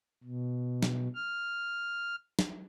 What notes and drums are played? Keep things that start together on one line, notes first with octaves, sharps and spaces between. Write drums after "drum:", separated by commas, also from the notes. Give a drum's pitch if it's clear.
B2
drum: snare
F6
drum: snare